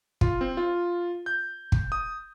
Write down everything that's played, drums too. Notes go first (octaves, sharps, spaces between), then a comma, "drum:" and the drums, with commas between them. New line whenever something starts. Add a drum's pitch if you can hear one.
F4, drum: kick
C4
F4
G6
drum: kick
D#6